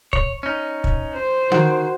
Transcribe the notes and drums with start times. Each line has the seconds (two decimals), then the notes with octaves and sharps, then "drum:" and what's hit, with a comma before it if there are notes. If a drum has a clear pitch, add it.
0.13 C#5, drum: kick
0.43 C#4 D#4
0.84 drum: kick
1.14 C5
1.52 D#3 F#4 F#5, drum: tom